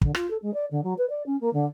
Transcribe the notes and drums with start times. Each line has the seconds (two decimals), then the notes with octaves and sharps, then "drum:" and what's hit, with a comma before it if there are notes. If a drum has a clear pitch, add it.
0.01 D3, drum: kick
0.15 F4, drum: rim click
0.30 A4
0.42 G#3
0.53 D5
0.71 D3
0.83 F#3
0.98 B4
1.09 D5
1.26 C#4
1.40 A#3
1.53 D3